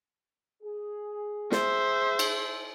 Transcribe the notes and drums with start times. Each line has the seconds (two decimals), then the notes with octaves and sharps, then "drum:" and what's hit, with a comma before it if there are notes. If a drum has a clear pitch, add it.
0.63 G#4
1.52 C5 E5, drum: snare
2.19 drum: cymbal